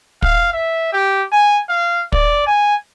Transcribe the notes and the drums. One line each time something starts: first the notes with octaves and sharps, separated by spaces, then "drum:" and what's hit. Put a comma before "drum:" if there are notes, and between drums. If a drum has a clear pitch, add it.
F5, drum: kick
E5
G4
G#5
F5
D5, drum: kick
G#5